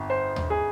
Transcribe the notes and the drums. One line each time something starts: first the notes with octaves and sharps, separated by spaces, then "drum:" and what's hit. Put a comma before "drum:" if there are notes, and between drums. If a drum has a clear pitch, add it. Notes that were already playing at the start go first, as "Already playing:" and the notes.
Already playing: G1 F2
C5
drum: tom D#2
G#4